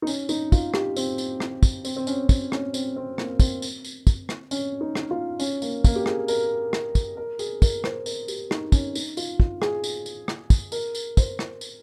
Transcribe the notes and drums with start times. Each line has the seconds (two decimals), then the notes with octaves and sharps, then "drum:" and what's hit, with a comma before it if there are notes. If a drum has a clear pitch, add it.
0.02 D#4
0.07 C#4, drum: tambourine
0.29 D#4, drum: tambourine
0.52 F4, drum: kick, tambourine
0.74 G4, drum: rim click
0.96 C4, drum: tambourine
1.18 drum: tambourine
1.40 drum: rim click
1.63 drum: kick, tambourine
1.85 C4, drum: tambourine
1.96 C4
2.07 C#4, drum: tambourine
2.29 drum: kick, tambourine
2.52 C#4, drum: rim click
2.74 C4, drum: tambourine
2.96 C4
3.18 A#3, drum: rim click
3.40 C4, drum: kick, tambourine
3.62 drum: tambourine
3.85 drum: tambourine
4.07 drum: kick, tambourine
4.29 drum: rim click
4.51 C#4, drum: tambourine
4.81 D#4
4.95 drum: rim click
5.11 F4
5.40 C#4, drum: tambourine
5.62 A#3, drum: tambourine
5.84 A#3, drum: kick, tambourine
5.96 G4
6.06 G#4, drum: rim click
6.28 A#4, drum: tambourine
6.73 drum: rim click
6.95 drum: kick, tambourine
7.17 A#4
7.39 G#4, drum: tambourine
7.62 A#4, drum: kick, tambourine
7.84 C5, drum: rim click
8.06 A#4, drum: tambourine
8.28 G4, drum: tambourine
8.51 D#4, drum: rim click
8.72 C#4, drum: kick, tambourine
8.95 D#4, drum: tambourine
9.17 F4, drum: tambourine
9.40 F4, drum: kick
9.62 G#4, drum: rim click
9.84 drum: tambourine
10.06 drum: tambourine
10.28 drum: rim click
10.50 drum: kick, tambourine
10.72 A#4, drum: tambourine
10.95 drum: tambourine
11.17 C5, drum: kick, tambourine
11.39 drum: rim click
11.61 drum: tambourine